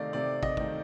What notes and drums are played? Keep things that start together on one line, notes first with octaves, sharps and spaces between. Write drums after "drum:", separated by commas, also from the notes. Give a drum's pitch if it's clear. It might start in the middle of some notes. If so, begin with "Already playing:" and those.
Already playing: C3 D#3 A3 D5 D#5 F5
C3 D5
D#5, drum: kick
D#3 A3, drum: kick